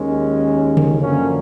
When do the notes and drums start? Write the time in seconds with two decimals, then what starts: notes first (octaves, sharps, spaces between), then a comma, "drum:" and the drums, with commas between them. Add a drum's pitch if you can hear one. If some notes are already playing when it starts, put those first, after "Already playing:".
Already playing: D#2 D#3 G#3 C#4
0.77 drum: tom C#3
1.00 F#2 D3 F3 A#3 C#4